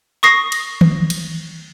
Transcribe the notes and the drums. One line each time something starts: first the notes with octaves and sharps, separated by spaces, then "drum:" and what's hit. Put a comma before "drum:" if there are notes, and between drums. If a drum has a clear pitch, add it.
C#6 D#6 A#6 C7
drum: cymbal
drum: tom D#3
drum: cymbal